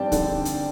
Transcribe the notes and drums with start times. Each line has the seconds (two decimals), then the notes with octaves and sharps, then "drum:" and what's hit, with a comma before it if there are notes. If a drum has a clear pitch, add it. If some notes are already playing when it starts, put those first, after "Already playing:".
Already playing: G2 G3 C4 D5 G5 A5
0.12 D3, drum: kick, hi-hat
0.45 drum: hi-hat